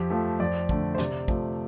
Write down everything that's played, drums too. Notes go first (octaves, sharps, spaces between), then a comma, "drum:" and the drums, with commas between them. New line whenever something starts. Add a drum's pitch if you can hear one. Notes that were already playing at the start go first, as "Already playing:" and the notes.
Already playing: F2 G4
F3 A3
F2 D5
D3 A3, drum: kick
C5
C3 D5, drum: snare
F3 A3, drum: kick